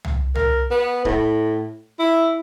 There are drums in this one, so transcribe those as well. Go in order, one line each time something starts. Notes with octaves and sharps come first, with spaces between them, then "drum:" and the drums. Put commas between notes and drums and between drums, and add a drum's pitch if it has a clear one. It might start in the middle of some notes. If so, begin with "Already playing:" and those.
drum: tom C2
A#4, drum: tom C2
B3
A2, drum: kick
E4